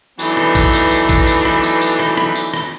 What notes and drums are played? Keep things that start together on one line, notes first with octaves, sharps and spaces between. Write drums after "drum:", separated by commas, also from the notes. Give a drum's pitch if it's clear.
E3 F#3 A3 B3 D4 D#4, drum: tambourine
drum: rim click
drum: kick, tambourine
drum: tambourine
drum: tambourine
drum: kick, tambourine
drum: tambourine
drum: rim click
drum: tambourine
drum: tambourine
drum: rim click
drum: rim click
drum: tambourine
drum: rim click